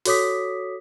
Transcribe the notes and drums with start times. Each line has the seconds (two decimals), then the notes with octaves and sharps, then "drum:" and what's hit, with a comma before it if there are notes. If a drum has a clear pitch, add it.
0.05 F#4 A4 C#5 D6 D#6 B6, drum: open hi-hat